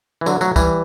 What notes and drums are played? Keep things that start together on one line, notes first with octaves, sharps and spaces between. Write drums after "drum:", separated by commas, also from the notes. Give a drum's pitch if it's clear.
E3
D3 F#3, drum: tambourine
F#3 A3, drum: tambourine
E3 G3, drum: kick, tambourine